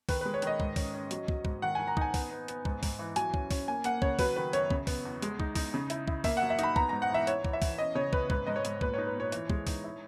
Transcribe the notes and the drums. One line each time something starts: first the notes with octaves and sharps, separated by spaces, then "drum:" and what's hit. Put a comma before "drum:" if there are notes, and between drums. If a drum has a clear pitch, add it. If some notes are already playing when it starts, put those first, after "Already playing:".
D#3 B4, drum: kick, open hi-hat
G#3 B4
C#5
D#3 D#5, drum: hi-hat
G#2, drum: kick
C#4, drum: kick, open hi-hat
C#4
F#3, drum: hi-hat
F#3, drum: kick
G#2, drum: kick
D#3 F#5
D#3 G#5
A#5
D#4 G#5, drum: kick
B3, drum: kick, open hi-hat
B3
B3, drum: hi-hat
G#2, drum: kick
G#2, drum: kick, open hi-hat
E3
F#3 G#5, drum: hi-hat
C#4, drum: kick
C#4, drum: kick, open hi-hat
A#3 G#5
A#3 F#5, drum: hi-hat
C#3 C#5, drum: kick
F#3 B4, drum: kick, open hi-hat
D#3 B4
F#2 C#5, drum: hi-hat
C#3, drum: kick
B3, drum: kick, open hi-hat
E2
G#3, drum: hi-hat
D#4, drum: kick
D#4, drum: kick, open hi-hat
C#3
E4, drum: hi-hat
E4, drum: kick
A#3 E5, drum: kick, open hi-hat
F#5
F#2
E5
D#4 B5, drum: hi-hat
B3 A#5, drum: kick
G#2 A#5
F#5
E3 E5
E4 C#5, drum: hi-hat
E3, drum: kick
E5
E3, drum: kick, open hi-hat
C#4 D#5
C#3 C#5
C#4 B4, drum: kick
G#2 B4, drum: kick
G#2 D#5
C#5
G#2, drum: hi-hat
A#2 B4, drum: kick
D#4 C#5
B4
A#2 C#5
E3, drum: hi-hat
G#3, drum: kick
D#4, drum: kick, open hi-hat
E4